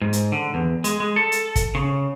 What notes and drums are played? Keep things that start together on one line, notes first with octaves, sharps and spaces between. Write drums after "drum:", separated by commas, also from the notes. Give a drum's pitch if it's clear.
G#2
drum: hi-hat
D3
E2
G#3, drum: hi-hat
G#3
A4
drum: hi-hat
drum: kick, hi-hat
C#3